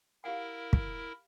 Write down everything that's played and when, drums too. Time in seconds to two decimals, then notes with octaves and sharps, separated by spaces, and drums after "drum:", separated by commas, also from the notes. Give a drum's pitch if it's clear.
0.24 E4 G4 A#4 F5 F#5
0.73 drum: kick